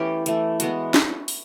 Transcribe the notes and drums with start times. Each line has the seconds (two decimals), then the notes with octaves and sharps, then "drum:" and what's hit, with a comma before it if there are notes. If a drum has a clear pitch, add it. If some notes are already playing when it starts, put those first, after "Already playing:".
Already playing: E3 A3 B3 C#4 E4 G4
0.26 E3 A3, drum: hi-hat
0.60 E3 G#3 B3 F#4, drum: hi-hat
0.94 drum: snare
1.28 drum: open hi-hat